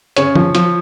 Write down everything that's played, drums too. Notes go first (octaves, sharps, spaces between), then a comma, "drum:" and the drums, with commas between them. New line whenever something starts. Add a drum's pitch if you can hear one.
C#3 C#5, drum: hi-hat
F3, drum: tom D3
F3, drum: hi-hat